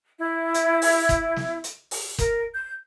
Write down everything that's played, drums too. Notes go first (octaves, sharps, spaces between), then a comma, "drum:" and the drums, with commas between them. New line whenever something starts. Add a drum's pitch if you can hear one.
E4
drum: hi-hat
drum: open hi-hat
drum: kick F#1, hi-hat
drum: snare
drum: hi-hat
drum: open hi-hat
A#4, drum: kick F#1, hi-hat
G6